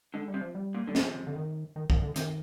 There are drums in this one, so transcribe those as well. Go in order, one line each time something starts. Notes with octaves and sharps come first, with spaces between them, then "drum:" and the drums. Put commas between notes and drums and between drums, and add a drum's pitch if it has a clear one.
D3 G#3
G3
C3
F3
G3
A#2
D3 G3
C3 F3, drum: snare
D3
D#3
D#3
D#3, drum: kick
D3
C3 D#3, drum: hi-hat